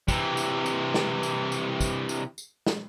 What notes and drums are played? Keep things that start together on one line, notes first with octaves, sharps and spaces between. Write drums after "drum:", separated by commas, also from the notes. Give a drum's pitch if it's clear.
C3 E3, drum: kick, tambourine
drum: tambourine
drum: tambourine
drum: snare
drum: tambourine
drum: tambourine
drum: kick, tambourine
drum: tambourine
drum: tambourine
drum: snare